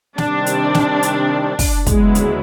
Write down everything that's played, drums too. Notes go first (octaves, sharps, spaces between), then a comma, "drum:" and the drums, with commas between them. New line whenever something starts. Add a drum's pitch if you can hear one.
C3 D#3 G3 C4 D4, drum: snare
drum: hi-hat
drum: snare
drum: hi-hat
drum: kick, open hi-hat
D2 C#3 F#3 G#3 B3 E4, drum: kick, hi-hat
drum: hi-hat